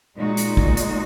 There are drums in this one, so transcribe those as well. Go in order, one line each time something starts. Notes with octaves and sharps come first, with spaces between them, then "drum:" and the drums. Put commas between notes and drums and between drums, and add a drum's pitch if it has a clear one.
A#2 G#3 D#4 F#4
drum: hi-hat
drum: kick
drum: hi-hat